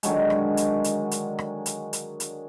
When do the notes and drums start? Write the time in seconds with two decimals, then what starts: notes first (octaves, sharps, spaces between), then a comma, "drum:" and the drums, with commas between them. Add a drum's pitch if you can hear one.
0.03 D3 D#3 F#3 G#3, drum: hi-hat
0.30 drum: rim click
0.57 drum: hi-hat
0.84 drum: hi-hat
1.11 drum: hi-hat
1.39 drum: rim click
1.66 drum: hi-hat
1.93 drum: hi-hat
2.20 drum: hi-hat